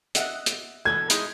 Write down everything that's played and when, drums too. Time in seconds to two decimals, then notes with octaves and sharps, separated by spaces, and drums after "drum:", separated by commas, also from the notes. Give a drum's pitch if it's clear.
0.15 D#5 E5 F#5, drum: hi-hat
0.46 drum: hi-hat
0.85 B2 E3 A4 G#6
1.10 G#3 D#4 E4, drum: hi-hat